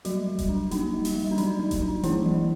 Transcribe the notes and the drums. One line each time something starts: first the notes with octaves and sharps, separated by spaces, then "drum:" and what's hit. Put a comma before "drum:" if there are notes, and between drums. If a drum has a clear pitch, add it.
F#3 G3 F#4, drum: hi-hat
G3
drum: kick D#1, hi-hat
D4
A#3 D#4, drum: hi-hat
G3
drum: open hi-hat
G3
D4
F#3 D#4, drum: hi-hat
F#3
drum: kick D#1, hi-hat
D4
E3 A#3 E4, drum: hi-hat
F#3